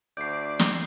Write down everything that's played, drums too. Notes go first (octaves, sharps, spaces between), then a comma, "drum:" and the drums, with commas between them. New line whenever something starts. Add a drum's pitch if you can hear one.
D2 D5 G6 C7
drum: snare